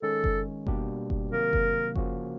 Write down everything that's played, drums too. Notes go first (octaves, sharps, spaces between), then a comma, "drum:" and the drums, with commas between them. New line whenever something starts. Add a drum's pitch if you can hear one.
D#3 G#3 C#4 A4
drum: kick F#1
B2 G3 A#3 D4 G4, drum: kick F#1
drum: kick F#1
C3 D#3 F#3 A#3 A#4
drum: kick F#1
C#3 F3 A#3 C#4 F#4, drum: kick F#1